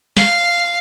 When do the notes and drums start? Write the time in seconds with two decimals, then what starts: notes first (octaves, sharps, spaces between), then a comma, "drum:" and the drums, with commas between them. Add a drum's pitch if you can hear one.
0.17 F5, drum: snare